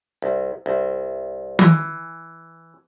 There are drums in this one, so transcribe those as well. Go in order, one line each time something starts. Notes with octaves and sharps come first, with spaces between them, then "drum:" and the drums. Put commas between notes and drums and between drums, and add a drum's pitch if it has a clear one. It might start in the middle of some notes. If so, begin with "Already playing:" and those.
C2
C2
E3, drum: tom